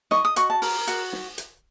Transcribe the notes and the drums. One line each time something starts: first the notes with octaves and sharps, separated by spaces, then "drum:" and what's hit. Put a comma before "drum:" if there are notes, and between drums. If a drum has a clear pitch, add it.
D#5 C#6, drum: snare
D#6
F#4 C#6, drum: hi-hat
A5
A#4, drum: open hi-hat
F#4, drum: hi-hat
drum: snare
drum: hi-hat